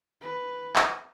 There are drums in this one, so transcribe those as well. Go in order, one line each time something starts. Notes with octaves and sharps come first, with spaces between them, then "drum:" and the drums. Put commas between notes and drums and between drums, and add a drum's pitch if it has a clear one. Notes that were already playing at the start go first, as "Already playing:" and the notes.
B4
drum: clap